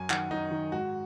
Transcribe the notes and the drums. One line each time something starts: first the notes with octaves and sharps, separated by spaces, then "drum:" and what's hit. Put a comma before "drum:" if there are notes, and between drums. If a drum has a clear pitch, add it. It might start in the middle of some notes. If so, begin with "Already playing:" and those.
Already playing: F#2 G#5
D#3 F#5, drum: clap
F#2 D#4
D#3
G#2 F#4